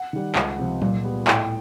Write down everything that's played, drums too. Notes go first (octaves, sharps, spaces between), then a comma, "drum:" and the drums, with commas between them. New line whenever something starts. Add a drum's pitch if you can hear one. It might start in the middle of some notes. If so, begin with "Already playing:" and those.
Already playing: F#5
D#3 G3
C#2, drum: clap
C3 F3
A#2, drum: tom F#3
G3 B3
A2 G5, drum: clap